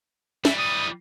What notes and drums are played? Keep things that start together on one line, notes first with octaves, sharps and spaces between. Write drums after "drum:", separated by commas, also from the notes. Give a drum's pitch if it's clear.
E3 G3 E5, drum: snare
D#6